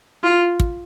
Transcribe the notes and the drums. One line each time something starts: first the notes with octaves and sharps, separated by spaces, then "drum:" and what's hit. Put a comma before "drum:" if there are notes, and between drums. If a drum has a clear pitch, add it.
F4
drum: kick